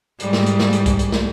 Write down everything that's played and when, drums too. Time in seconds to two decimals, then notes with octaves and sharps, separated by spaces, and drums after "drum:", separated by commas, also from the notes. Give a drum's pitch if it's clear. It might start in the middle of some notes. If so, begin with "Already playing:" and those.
0.20 G#2 G3, drum: hi-hat
0.33 drum: snare
0.46 drum: hi-hat
0.60 drum: snare
0.73 drum: hi-hat
0.86 drum: kick, hi-hat
0.99 drum: hi-hat
1.12 drum: snare